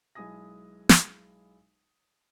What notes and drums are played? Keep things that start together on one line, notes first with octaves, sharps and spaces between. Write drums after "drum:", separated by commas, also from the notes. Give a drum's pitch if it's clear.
B1 G#3 E4 G#5 D#6 A#6
drum: snare